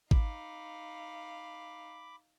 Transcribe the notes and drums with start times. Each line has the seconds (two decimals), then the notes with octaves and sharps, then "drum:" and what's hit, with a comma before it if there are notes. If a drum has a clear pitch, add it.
0.11 D#4 F5 B5 D6, drum: kick